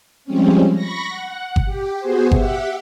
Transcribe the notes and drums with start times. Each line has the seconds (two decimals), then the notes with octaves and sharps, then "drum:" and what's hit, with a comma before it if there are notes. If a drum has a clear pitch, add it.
0.25 F3 G3 G#3 C4 C#4
0.73 B5 C#6 A#6
1.08 F#5
1.56 drum: kick G1
1.65 G4
1.99 B3 F#4 G#4 C5
2.31 G4 E5 F#5, drum: kick G1